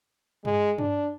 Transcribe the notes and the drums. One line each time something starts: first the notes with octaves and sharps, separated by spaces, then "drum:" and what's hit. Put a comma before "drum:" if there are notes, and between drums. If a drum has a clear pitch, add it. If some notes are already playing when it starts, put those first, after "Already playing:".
G#3, drum: tom G2
D4, drum: tom G2